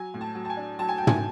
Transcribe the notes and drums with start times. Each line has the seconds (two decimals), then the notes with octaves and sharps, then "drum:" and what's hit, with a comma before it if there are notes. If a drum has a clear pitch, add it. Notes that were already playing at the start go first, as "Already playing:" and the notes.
Already playing: F#3 G#5
0.14 A2
0.21 A5
0.35 F#3
0.45 A5
0.50 G#5
0.57 D4
0.79 F#3 A5
0.89 G#5
0.98 F#3 G5
1.07 G#5, drum: tom